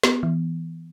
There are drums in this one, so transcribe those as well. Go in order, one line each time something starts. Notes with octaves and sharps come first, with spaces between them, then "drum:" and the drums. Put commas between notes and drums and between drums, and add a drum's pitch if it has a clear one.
B3, drum: snare
E3